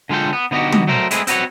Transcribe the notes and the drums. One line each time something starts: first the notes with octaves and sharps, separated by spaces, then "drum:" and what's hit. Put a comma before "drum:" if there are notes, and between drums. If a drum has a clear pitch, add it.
D3 G#3 F4 A4 G5
B3
D3 B3 D#4 F#4 G4
drum: tom
F#3 A3 A#4 C5
G#3 A3 C4 E4 G#4 B4, drum: hi-hat
C4 F#4 B4 C#5, drum: hi-hat